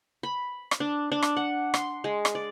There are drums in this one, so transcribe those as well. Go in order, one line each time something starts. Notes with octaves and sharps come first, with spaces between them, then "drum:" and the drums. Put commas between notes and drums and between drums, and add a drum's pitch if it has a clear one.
B5
drum: rim click
D4
D4
drum: rim click
F#5
C6, drum: rim click
G#3
drum: rim click
D5